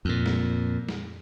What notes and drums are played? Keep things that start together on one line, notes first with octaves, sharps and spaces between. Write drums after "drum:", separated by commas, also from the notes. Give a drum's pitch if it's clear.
F2 A#2
drum: snare
drum: snare